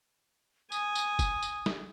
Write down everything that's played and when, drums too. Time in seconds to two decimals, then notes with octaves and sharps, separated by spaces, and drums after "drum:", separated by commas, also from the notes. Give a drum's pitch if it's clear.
0.72 G#5 D#6, drum: tambourine
0.95 drum: tambourine
1.19 drum: kick F#1, tambourine
1.43 drum: tambourine
1.66 drum: snare